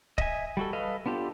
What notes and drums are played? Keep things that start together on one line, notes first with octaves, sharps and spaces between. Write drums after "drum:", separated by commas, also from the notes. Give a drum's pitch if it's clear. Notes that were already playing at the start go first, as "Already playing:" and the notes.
D#5 E5 G#5, drum: kick
G3 F#4 A4
A4 B4 D#5 F5
B3 D4 F4 G4 A4